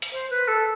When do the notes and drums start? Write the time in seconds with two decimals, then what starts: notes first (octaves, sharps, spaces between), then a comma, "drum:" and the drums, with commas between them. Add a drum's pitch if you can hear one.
0.02 drum: open hi-hat
0.12 C5
0.30 B4
0.48 A4